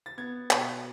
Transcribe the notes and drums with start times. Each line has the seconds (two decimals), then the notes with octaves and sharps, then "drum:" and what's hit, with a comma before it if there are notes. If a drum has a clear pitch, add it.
0.06 A6
0.18 B3 G#6
0.51 B2, drum: clap